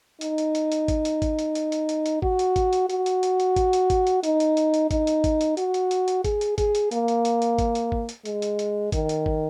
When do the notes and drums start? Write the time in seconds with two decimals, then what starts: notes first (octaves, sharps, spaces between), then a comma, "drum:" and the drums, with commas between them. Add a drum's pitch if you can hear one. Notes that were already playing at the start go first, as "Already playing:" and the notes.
0.21 D#4, drum: hi-hat
0.38 drum: hi-hat
0.55 drum: hi-hat
0.72 drum: hi-hat
0.88 drum: kick G#1, hi-hat
1.05 drum: hi-hat
1.22 drum: kick G#1, hi-hat
1.39 drum: hi-hat
1.55 drum: hi-hat
1.72 drum: hi-hat
1.89 drum: hi-hat
2.06 drum: hi-hat
2.22 F#4, drum: kick G#1
2.39 drum: hi-hat
2.56 drum: kick G#1, hi-hat
2.73 drum: hi-hat
2.90 F#4, drum: hi-hat
3.06 drum: hi-hat
3.23 drum: hi-hat
3.40 drum: hi-hat
3.56 drum: kick G#1, hi-hat
3.73 drum: hi-hat
3.90 drum: kick G#1, hi-hat
4.07 drum: hi-hat
4.24 D#4, drum: hi-hat
4.40 drum: hi-hat
4.57 drum: hi-hat
4.74 drum: hi-hat
4.91 D#4, drum: kick G#1, hi-hat
5.07 drum: hi-hat
5.24 drum: kick G#1, hi-hat
5.41 drum: hi-hat
5.57 F#4, drum: hi-hat
5.74 drum: hi-hat
5.91 drum: hi-hat
6.08 drum: hi-hat
6.24 G#4, drum: kick G#1, hi-hat
6.41 drum: hi-hat
6.58 G#4, drum: kick G#1, hi-hat
6.75 drum: hi-hat
6.91 A#3, drum: hi-hat
7.08 drum: hi-hat
7.25 drum: hi-hat
7.42 drum: hi-hat
7.59 drum: kick G#1, hi-hat
7.75 drum: hi-hat
7.92 drum: kick G#1
8.09 drum: hi-hat
8.25 G#3, drum: hi-hat
8.42 drum: hi-hat
8.59 drum: hi-hat
8.92 D#3, drum: kick G#1, hi-hat
9.09 drum: hi-hat
9.26 drum: kick G#1